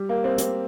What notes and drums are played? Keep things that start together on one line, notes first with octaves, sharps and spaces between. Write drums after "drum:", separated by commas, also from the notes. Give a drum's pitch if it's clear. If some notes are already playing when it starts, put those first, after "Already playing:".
Already playing: G3
A#3
C4
C4, drum: hi-hat